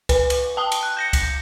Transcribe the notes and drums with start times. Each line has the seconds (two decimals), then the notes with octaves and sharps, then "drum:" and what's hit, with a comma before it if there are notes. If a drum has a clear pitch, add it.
0.09 B4, drum: kick C#2, cymbal
0.30 drum: cymbal
0.57 G5 A5 D#6 G7
0.72 drum: cymbal
0.83 F#6
0.97 G6 A#6 C#7
1.13 drum: kick C#2, cymbal